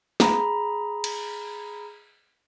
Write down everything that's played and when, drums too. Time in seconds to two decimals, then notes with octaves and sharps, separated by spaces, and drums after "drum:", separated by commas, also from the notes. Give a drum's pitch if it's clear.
0.20 G#4 A#5 B5, drum: snare
1.04 drum: cymbal